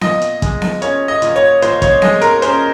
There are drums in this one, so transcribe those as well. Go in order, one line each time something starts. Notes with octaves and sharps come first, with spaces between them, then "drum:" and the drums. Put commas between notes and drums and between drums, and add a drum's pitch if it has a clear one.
A#2 D#5, drum: snare B3
drum: hi-hat
G#3, drum: kick, hi-hat
drum: snare B3
C#4 C#5, drum: hi-hat
D#5
A#2, drum: hi-hat
C#5
A#2 C5, drum: hi-hat
C#5, drum: kick, hi-hat
G#3 D#5, drum: snare B3
A#4, drum: hi-hat
C#4 C5, drum: hi-hat